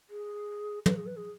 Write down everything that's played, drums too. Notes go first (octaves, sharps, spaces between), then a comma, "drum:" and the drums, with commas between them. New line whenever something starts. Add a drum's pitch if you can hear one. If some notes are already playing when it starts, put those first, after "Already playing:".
G#4
B4, drum: tom
G#4
B4
G#4